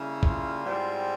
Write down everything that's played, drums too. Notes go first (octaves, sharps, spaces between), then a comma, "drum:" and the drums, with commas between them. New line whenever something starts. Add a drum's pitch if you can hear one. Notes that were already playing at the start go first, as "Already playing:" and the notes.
Already playing: C#3 G3 A#3 E4
F4, drum: kick
G#2 G3 C4 E4